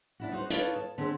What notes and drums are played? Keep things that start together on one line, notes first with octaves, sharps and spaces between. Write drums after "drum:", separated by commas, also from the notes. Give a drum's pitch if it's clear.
D4 E4 F#4
D#4 F#4 C5
D#4 F4 A4 B4 C#5 D5, drum: hi-hat
A5
D3 C4 G4 G#4